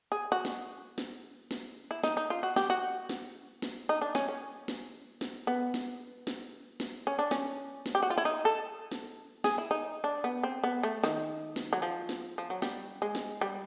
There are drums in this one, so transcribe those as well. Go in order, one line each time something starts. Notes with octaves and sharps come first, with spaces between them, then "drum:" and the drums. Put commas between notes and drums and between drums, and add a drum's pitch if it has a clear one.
G#4
F#4
drum: snare
drum: snare
drum: snare
E4
D#4, drum: snare
D#4
F4
F#4
G4, drum: snare
F#4
drum: snare
drum: snare
D#4
D4
C#4, drum: snare
C#4
drum: snare
drum: snare
B3
drum: snare
drum: snare
drum: snare
C#4
D4
C#4, drum: snare
drum: snare
G4
F#4
F4
E4
D#4
A4
drum: snare
G#4, drum: snare
E4
D#4
D4
B3
C4
B3
A3
D#3, drum: snare
drum: snare
F#3
F3
drum: snare
F3
F#3
G3, drum: snare
G#3
drum: snare
G3